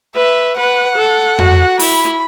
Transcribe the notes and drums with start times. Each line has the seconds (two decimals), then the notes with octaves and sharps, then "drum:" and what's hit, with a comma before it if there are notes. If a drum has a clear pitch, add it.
0.16 B4 E5
0.57 B4 F#5
0.97 A4
1.39 F#4, drum: tom F2
1.79 E4 B5, drum: open hi-hat